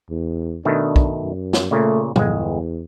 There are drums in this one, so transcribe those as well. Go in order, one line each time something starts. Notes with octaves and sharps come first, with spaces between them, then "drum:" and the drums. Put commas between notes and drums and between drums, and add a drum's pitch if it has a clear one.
E2
B2 D#3 A3 D4
drum: kick
F#2
drum: snare
A#2 C#3 A3
G1 E2 G#3, drum: tom